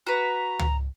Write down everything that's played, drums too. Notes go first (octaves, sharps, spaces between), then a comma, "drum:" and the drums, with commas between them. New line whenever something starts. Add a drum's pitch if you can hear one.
F#4 B4 A#5
drum: tom